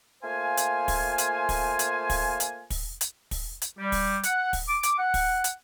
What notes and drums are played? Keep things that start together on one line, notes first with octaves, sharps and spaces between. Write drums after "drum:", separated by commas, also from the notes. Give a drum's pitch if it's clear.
A3 A#3 F4 C5 F5 G#5
drum: hi-hat
drum: kick, open hi-hat
drum: hi-hat
drum: kick, open hi-hat
drum: hi-hat
drum: kick, open hi-hat
drum: hi-hat
drum: kick, open hi-hat
drum: hi-hat
drum: kick, open hi-hat
drum: hi-hat
G3
drum: kick, open hi-hat
F#5, drum: hi-hat
drum: kick, open hi-hat
D6
drum: hi-hat
F#5
drum: kick, open hi-hat
drum: hi-hat